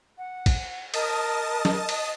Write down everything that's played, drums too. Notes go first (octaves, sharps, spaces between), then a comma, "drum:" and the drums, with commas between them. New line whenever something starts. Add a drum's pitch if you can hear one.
F#5
drum: kick, cymbal
A#4 D#5 A5 D#6, drum: cymbal
drum: snare F#3
drum: cymbal